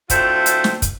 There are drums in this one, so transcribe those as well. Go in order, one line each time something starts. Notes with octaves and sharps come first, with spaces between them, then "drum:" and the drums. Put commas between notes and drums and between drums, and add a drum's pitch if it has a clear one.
D2 A3 C4 E4 F4 C5, drum: kick, hi-hat
drum: hi-hat
drum: snare
drum: kick, hi-hat